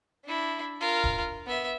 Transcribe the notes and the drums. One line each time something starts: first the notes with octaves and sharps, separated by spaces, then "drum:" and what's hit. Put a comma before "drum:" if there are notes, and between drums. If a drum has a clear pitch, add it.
D4 E4
F4 A#4
drum: kick
B3 E5